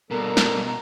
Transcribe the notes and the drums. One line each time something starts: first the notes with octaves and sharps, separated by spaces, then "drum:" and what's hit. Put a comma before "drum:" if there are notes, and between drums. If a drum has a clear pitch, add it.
G2 B2 G3 A#3 A4 A#4 A#5
drum: snare